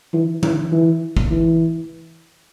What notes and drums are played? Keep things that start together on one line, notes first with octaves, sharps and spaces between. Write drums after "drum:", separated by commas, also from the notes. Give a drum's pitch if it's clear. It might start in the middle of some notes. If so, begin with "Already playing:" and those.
E3
E3, drum: tom E3
E3
drum: kick
E3